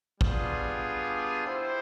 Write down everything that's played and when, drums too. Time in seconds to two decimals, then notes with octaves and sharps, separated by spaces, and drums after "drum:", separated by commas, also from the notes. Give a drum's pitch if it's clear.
0.21 G3 B3 D4 F4 G#4, drum: kick
1.47 E4 G4 C5